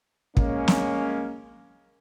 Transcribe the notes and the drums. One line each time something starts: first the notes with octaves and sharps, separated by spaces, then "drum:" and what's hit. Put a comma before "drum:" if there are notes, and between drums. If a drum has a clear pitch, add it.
G#3 A#3 C#4, drum: kick
drum: snare